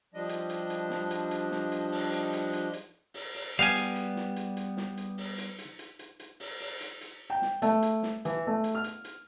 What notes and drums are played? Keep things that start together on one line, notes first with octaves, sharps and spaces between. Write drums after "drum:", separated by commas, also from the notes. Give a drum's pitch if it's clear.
F3 G3 D4 D#5
drum: hi-hat
drum: hi-hat
drum: hi-hat
drum: snare
drum: hi-hat
drum: hi-hat
drum: snare
drum: hi-hat
drum: open hi-hat
drum: hi-hat
drum: hi-hat
drum: hi-hat
drum: hi-hat
drum: open hi-hat
drum: open hi-hat
G3 B3 F5 G#5
drum: hi-hat
drum: hi-hat
drum: snare
drum: hi-hat
drum: hi-hat
drum: snare
drum: hi-hat
drum: open hi-hat
drum: hi-hat
drum: hi-hat
drum: hi-hat
drum: hi-hat
drum: hi-hat
drum: open hi-hat
drum: open hi-hat
drum: hi-hat
drum: hi-hat
G5
drum: snare
A3, drum: hi-hat
drum: hi-hat
drum: snare
E3, drum: hi-hat
A3
drum: hi-hat
F6
drum: hi-hat
drum: hi-hat